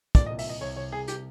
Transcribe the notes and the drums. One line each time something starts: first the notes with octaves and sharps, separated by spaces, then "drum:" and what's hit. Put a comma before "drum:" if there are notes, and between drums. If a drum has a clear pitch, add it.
A#2 D5, drum: kick, hi-hat
D#5
C2
E5, drum: open hi-hat
C2 D#5
C2 C#5
C2 C#5
C2 G#4
G4, drum: hi-hat